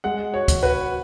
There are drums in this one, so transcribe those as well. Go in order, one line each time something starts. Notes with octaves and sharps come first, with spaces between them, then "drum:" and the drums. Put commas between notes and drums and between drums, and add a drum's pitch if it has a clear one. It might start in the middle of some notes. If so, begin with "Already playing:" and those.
G#3 F#5
F#4 C#5
drum: kick, hi-hat
F#4 B4